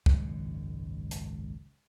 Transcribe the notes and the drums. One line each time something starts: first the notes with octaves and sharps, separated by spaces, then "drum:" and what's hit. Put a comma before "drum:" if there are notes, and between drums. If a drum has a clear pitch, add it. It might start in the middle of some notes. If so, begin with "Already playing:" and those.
G#1 C#2 F#2 B2, drum: kick C2
drum: hi-hat